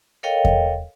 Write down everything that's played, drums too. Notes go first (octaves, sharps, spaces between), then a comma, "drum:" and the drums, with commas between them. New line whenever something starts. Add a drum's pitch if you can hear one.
A4 A#4 C#5 D#5 F5 G5
drum: kick E2